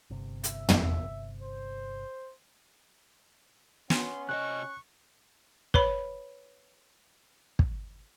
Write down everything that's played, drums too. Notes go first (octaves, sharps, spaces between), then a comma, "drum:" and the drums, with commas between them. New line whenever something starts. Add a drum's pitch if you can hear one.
G1 C3
E5, drum: hi-hat
drum: tom
C5
B3 C#4 C6, drum: snare
C3 D5 D#5 C#6 F#6
B4 C#5 B5, drum: kick
drum: kick